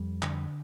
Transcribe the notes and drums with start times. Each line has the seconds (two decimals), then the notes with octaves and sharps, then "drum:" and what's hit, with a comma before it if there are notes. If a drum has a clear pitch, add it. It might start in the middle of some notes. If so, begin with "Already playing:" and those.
Already playing: F2 G3
0.22 D3, drum: clap